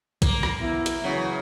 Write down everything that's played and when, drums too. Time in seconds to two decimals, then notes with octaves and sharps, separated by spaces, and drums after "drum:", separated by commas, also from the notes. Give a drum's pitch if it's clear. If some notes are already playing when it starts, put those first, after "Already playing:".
0.22 A#3, drum: kick A#1, hi-hat
0.43 drum: rim click
0.61 B3 E4
0.86 drum: hi-hat
1.04 C#3 E3 F#3